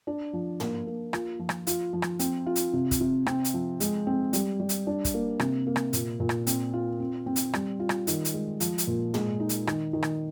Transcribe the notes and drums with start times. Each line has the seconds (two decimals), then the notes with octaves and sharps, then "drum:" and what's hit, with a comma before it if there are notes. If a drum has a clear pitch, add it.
0.07 D4
0.33 F3
0.60 A#3, drum: tom
0.87 A#3
1.13 F4, drum: rim click
1.39 F3
1.49 drum: rim click
1.67 F4, drum: hi-hat
1.93 F3
2.02 drum: rim click
2.19 C4, drum: hi-hat
2.46 F4
2.56 drum: hi-hat
2.73 C3
2.91 drum: kick, hi-hat
3.01 C3
3.26 C4, drum: rim click
3.44 drum: hi-hat
3.54 F3
3.80 G#3, drum: hi-hat
4.07 C4
4.33 G3, drum: hi-hat
4.60 G3
4.69 drum: hi-hat
4.87 D4
5.05 drum: kick, hi-hat
5.14 A#3
5.40 C3, drum: rim click
5.67 A#3
5.76 drum: rim click
5.93 A#2, drum: hi-hat
6.20 A#2
6.29 drum: rim click
6.47 C4, drum: hi-hat
6.74 F4
7.00 C4
7.26 C4
7.36 drum: hi-hat
7.53 G3, drum: rim click
7.80 F4
7.89 drum: rim click
8.07 D#3, drum: hi-hat
8.25 drum: hi-hat
8.34 G#3
8.60 F3, drum: hi-hat
8.78 drum: hi-hat
8.87 A#2
9.14 G#3, drum: tom
9.40 D#4
9.49 drum: hi-hat
9.67 D#3, drum: rim click
9.93 D#3
10.03 drum: rim click